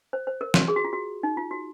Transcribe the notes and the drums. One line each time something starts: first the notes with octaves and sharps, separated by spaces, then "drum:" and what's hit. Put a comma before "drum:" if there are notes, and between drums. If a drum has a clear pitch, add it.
C5
C5
A#4
F#4, drum: snare
G#4
F#4
F4
F#4
D#4
F4
F#4